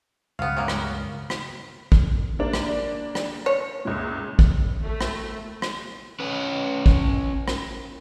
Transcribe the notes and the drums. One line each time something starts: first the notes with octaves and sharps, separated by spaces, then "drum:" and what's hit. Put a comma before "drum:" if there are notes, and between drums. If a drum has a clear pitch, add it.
C#2 G2 B3 F5
A#3 B3 C#4
drum: rim click
drum: rim click
drum: kick
A#3 D4
drum: rim click
drum: rim click
C#5
C#2 A#2
drum: kick
A3
drum: rim click
drum: rim click
C#4 B4
drum: kick
drum: rim click